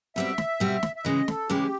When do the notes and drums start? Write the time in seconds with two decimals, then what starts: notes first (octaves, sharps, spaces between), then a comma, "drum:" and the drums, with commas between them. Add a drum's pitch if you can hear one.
0.16 B2 G3 C4 E5
0.38 drum: snare
0.60 B2 G3 C4
0.83 drum: snare
0.96 E5
1.05 C#3 E3 G#3 D#5
1.28 A4, drum: snare
1.49 C#3 E3 G#3 G4